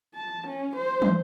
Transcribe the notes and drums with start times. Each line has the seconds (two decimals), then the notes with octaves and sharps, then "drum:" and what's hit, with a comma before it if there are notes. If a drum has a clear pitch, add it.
0.15 A5
0.47 C#4
0.76 C5
1.02 drum: tom